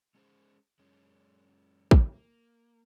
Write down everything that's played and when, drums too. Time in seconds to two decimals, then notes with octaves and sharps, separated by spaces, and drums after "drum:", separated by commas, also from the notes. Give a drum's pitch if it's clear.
0.15 G#3 C#4 G#4 C5
0.79 F#2 G#3 C#4
1.91 drum: kick
2.13 A#3